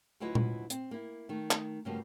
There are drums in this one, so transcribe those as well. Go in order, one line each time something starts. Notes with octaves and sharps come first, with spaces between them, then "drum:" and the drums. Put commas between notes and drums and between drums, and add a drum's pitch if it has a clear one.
D2 F#3 E4 F4 B4 D#5
drum: tom A#2
C4, drum: hi-hat
A#3 E4
D#3 A3
drum: clap
G2 C#3 F3 A3 A#3 F#4